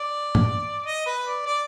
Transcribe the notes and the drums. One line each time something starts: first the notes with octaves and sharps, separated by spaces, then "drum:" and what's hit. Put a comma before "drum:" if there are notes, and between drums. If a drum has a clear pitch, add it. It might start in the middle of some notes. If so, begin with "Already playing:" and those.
Already playing: D5
drum: tom G2
D#5
B4
D5
D5